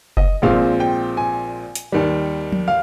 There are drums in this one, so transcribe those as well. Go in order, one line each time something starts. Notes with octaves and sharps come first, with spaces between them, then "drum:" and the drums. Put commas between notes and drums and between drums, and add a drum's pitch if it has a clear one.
D#5, drum: kick F1
A#1 A#2 G#3 C4 F5
G5
G#5
drum: hi-hat
D#2 D#3 G3
drum: tom F3
F5